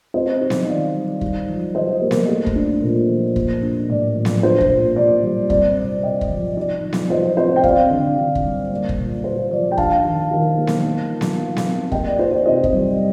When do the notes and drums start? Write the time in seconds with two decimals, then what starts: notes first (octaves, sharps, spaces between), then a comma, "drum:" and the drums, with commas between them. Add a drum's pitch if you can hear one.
0.14 C4 C5 D#5
0.41 D#4
0.50 drum: snare B3
0.68 D#3 D5 F5
0.95 G3
1.21 D#4, drum: kick
1.49 F3
1.75 F3 C5 D#5
2.01 A#3
2.11 drum: snare B3
2.28 A3
2.46 drum: kick
2.56 D4
2.82 A#2
3.09 F3
3.36 A#3, drum: kick
3.62 D4
3.89 A2 D5
4.15 F3
4.25 drum: snare B3
4.43 D4 C5
4.61 drum: kick
4.70 A#2
4.96 A#2 D5
5.23 G3
5.50 C4 D5, drum: kick
5.77 C3
6.03 C3 D#5 G5
6.21 drum: kick
6.30 F3
6.57 D#4 D5
6.83 F3
6.93 drum: snare B3
7.10 F3 C5 D#5
7.37 C4 C5 D#5
7.56 G5
7.64 C4 D5 F5, drum: kick
7.90 D3
8.18 D3
8.35 drum: kick
8.44 G3
8.71 A#3 D5
8.89 drum: kick
8.98 A#2
9.24 A#2 C5
9.51 F3 D5
9.71 G5
9.78 D4 F5 A5, drum: kick
10.05 D#3
10.31 D#3
10.58 A#3
10.67 drum: snare B3
10.85 D#4
11.12 F3
11.21 drum: snare B3
11.39 F3
11.57 drum: snare B3
11.66 C4
11.92 A#3 D#5 G5, drum: kick
12.06 D5
12.19 D#4 C5
12.32 D5
12.46 C3 C5 D#5
12.64 drum: kick
12.73 G3